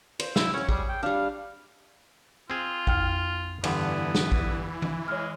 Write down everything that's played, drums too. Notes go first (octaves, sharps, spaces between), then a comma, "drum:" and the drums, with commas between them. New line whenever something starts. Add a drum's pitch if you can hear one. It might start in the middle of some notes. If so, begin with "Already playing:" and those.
C5, drum: cymbal
E4, drum: snare
C#4 C#5 F#5
G3 G#4, drum: kick A1
G5
G3 D4 F5
C4 F4 G#4
F2 G5 F6, drum: kick A1
G2 D3 E3 B3, drum: cymbal
drum: snare
drum: kick A1
drum: tom E3
G#3 C#5 F6